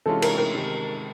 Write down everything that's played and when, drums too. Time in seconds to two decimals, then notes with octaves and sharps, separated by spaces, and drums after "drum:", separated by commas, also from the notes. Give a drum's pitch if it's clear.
0.06 C3 E3 G#3 C#4 F4 A4
0.22 A#4, drum: cymbal
0.38 A#4
0.54 C3 D#3 G#3